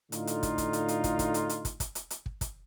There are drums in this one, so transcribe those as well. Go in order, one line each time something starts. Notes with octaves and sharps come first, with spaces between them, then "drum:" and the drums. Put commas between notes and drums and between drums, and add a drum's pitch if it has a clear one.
A2 D3 D#4 F4, drum: hi-hat
drum: hi-hat
drum: kick, hi-hat
drum: kick, hi-hat
drum: hi-hat
drum: hi-hat
drum: kick, hi-hat
drum: kick, hi-hat
drum: hi-hat
drum: hi-hat
drum: kick, hi-hat
drum: kick, hi-hat
drum: hi-hat
drum: hi-hat
drum: kick
drum: kick, hi-hat